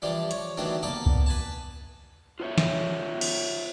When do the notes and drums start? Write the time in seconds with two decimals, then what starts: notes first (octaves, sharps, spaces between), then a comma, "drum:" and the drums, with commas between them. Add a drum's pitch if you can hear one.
0.02 E3 F3 G3 D4
0.31 C#5, drum: hi-hat
0.57 D#3 E3 F#3 G3 A3 D4
0.83 A#3 B3 A4 D5 A5
1.06 drum: kick
1.26 B4 G#5 A5
2.40 F4 C5 C#5 E5
2.58 drum: snare
3.21 drum: cymbal